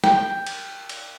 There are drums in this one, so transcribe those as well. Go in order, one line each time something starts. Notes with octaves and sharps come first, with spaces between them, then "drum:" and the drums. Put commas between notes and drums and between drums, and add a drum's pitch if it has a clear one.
G5, drum: snare
drum: cymbal
drum: cymbal